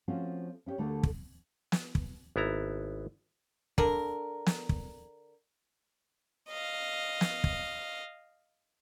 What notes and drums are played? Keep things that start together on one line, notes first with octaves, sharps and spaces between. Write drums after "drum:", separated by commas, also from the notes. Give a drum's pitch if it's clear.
F3 A3 C4 C#4 F4 F#4
C#4 E4 G4 C#5
D2 D3 A3 A#3 F#4 A4
drum: kick
drum: snare
drum: kick
G#1 B3 E4 A#5
D3 A#4, drum: kick
drum: snare
drum: kick
D#5 F5
drum: snare
drum: kick